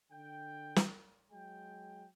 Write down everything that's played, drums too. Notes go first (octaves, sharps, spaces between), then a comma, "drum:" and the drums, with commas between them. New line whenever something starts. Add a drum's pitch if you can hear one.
D3 G5
drum: snare
F#3 G#3 G5